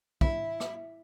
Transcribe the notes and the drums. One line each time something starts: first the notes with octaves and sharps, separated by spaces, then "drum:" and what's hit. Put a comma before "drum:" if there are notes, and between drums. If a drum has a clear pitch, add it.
E4, drum: kick
drum: rim click